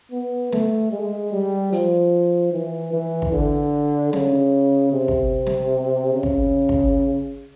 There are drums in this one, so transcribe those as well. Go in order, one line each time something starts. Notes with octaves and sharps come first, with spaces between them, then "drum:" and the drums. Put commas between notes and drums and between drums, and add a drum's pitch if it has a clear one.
B3
A3, drum: snare
G#3
G3
F3, drum: hi-hat
E3
E3
drum: kick
D3
C#3, drum: snare
C3
drum: kick
drum: snare
C#3
drum: kick
drum: kick